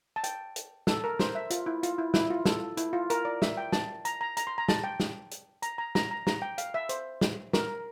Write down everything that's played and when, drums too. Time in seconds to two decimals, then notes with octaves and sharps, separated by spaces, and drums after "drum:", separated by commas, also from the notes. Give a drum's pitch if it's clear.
0.16 A5
0.24 G5, drum: hi-hat
0.56 drum: hi-hat
0.87 A4, drum: snare
1.04 A#4
1.19 C5, drum: snare
1.35 E5
1.50 F4, drum: hi-hat
1.66 E4
1.83 F4, drum: hi-hat
1.98 E4
2.14 E4, drum: snare
2.30 F4
2.45 A4, drum: snare
2.77 E4, drum: hi-hat
2.93 F4
3.10 A#4, drum: hi-hat
3.25 D5
3.42 E5, drum: snare
3.57 G5
3.72 A5, drum: snare
4.05 A#5, drum: hi-hat
4.21 A#5
4.37 A#5, drum: hi-hat
4.47 C6
4.58 A#5
4.68 A5, drum: snare
4.84 G5
5.00 drum: snare
5.31 drum: hi-hat
5.62 A#5, drum: hi-hat
5.78 A#5
5.95 A#5, drum: snare
6.11 A#5
6.27 A#5, drum: snare
6.42 G5
6.58 F5, drum: hi-hat
6.74 E5
6.89 C5, drum: hi-hat
7.21 drum: snare
7.53 A#4, drum: snare